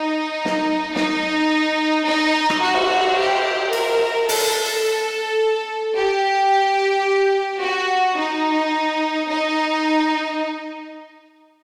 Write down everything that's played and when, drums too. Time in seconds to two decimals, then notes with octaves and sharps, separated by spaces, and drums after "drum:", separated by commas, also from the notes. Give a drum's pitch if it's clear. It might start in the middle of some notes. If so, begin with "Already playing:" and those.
Already playing: D#4
0.45 drum: snare
0.96 D#4, drum: snare
2.06 D#4
2.50 drum: rim click
2.62 F#4
2.74 drum: cymbal
3.18 G4
3.73 A#4, drum: cymbal
4.29 A4, drum: open hi-hat
5.95 G4
7.61 F#4
8.17 D#4
9.28 D#4